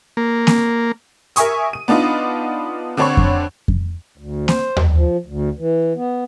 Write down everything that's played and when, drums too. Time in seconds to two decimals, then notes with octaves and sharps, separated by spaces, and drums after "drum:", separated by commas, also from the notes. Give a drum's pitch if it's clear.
0.17 A#3
0.47 drum: snare A#3
1.36 A#4 E5 G#5 C#6 D#6, drum: hi-hat
1.73 D#7
1.88 B3 D4 D#4 F4 B4
2.97 D3 C4 D4 C#5 B5 C#6
3.17 drum: kick F2
3.68 drum: kick F2
4.18 D2
4.48 C5, drum: snare A#3
4.76 drum: tom D#2
4.95 F3
5.26 D2
5.59 E3
5.96 B3